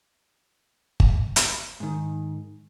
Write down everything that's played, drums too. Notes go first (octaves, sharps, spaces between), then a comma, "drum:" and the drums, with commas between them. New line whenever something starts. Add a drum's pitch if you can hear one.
drum: kick G1
drum: hi-hat
G#2 D#3